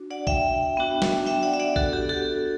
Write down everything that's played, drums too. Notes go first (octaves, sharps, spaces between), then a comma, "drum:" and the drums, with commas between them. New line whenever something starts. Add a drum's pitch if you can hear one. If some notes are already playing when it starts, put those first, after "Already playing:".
Already playing: D4 F#4
D5 F#5
E5 G5, drum: kick A#1
B3 D4 F#4
drum: snare
E5 G5
D5 F#5
E5
D5 F#5
F#4 A4, drum: kick A#1
G4
F#4 A4